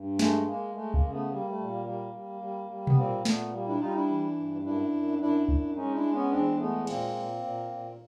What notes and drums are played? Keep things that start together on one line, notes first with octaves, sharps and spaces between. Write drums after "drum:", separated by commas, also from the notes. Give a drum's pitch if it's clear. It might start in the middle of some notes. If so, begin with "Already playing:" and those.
Already playing: G2
G#3 A3, drum: snare
G#3 A#3
G#3 A3
A#3, drum: kick C#2
C#3
A3 B3
G3 A#3
A3
A#2
A#3
G3 A#3
G3
G3
G3
B3, drum: tom B2
A#2 A#3 C4
A#2 A3 B3, drum: snare
G3 A#3
D4 E4
G3 D#4 F4
D4 E4
E3
G2
F#2 D4 E4
F#2
F#2 D4 E4
F#2, drum: kick C#2
G#3 C#4 D#4
D4 E4
G#3
B3 C#4
E2 C4 D4
G#3 A3 B3
A#2 A#3 C4, drum: cymbal
A#2
A#2
A#2